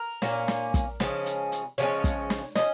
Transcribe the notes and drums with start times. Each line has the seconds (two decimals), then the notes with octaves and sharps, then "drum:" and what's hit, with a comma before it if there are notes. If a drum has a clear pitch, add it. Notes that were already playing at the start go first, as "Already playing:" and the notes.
Already playing: A#4
0.22 A#2 A#3 C#4, drum: snare
0.48 drum: snare
0.74 drum: kick, hi-hat
1.00 C#3 F3 G#3 C#4, drum: snare
1.26 drum: hi-hat
1.52 drum: hi-hat
1.78 C#3 F3 G#3 C#4 C#5
2.04 drum: kick, hi-hat
2.30 drum: snare
2.55 F3 C#4 D#5, drum: snare